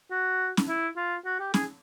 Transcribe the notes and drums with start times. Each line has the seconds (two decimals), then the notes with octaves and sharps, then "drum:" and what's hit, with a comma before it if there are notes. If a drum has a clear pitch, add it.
0.11 F#4
0.57 drum: snare C#4
0.68 E4
0.97 F4
1.25 F#4
1.40 G4
1.54 G#4, drum: snare C#4